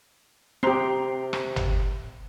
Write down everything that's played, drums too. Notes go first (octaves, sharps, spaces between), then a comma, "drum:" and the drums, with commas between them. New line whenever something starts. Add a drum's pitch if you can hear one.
C3 C4 G4 A#5 C6 C7
drum: rim click
drum: tom